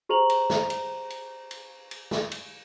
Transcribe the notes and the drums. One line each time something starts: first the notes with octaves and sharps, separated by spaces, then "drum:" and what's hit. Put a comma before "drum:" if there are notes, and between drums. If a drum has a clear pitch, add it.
G4 G#4 C5 A#5 F7 F#7
drum: cymbal
drum: snare
drum: cymbal
drum: cymbal
drum: cymbal
drum: cymbal
drum: snare
drum: cymbal